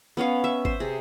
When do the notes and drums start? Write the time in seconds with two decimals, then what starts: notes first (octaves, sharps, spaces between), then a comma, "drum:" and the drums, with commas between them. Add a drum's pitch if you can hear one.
0.17 B3 C#4 C#5 F5
0.44 E5
0.65 C5, drum: kick G#1
0.80 C3 G#4